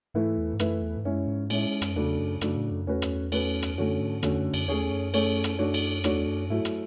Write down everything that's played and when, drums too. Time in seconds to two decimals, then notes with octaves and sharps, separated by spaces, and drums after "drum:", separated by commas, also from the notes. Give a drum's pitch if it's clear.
0.14 G#2 E3 A3 E4 B4
0.38 E2
0.53 G#2
0.59 F#2 E3 A3 E4 B4, drum: rim click
0.82 E2
0.97 G#2
1.05 F#2 G#3 C#4 E4
1.27 G#2
1.50 A2 G#3 C#4 E4, drum: cymbal
1.82 F#2, drum: rim click
1.96 E2 C#3 F#3 A3 D4 A4
2.19 F#2
2.41 F#2 C#3 F#3 A3 D4 A4, drum: rim click
2.56 A2
2.71 F#2
2.87 E2 A3 C#4 F#4 B4
3.02 drum: rim click
3.32 A3 C#4 F#4 B4, drum: cymbal
3.62 drum: rim click
3.77 F#2 D3 A3 C#4 F#4
4.00 G#2
4.23 E2 D3 A3 C#4 F#4, drum: rim click
4.39 F#2
4.54 F#2, drum: cymbal
4.68 E2 A3 C#4 G#4 C#5
4.91 F#2
5.14 A3 C#4 G#4 C#5, drum: cymbal
5.44 drum: rim click
5.59 A3 D4 F#4 C#5
5.74 drum: cymbal
6.04 E2 A3 D4 F#4 C#5, drum: rim click
6.27 F#2
6.50 G#2 F#3 A3 E4
6.65 drum: rim click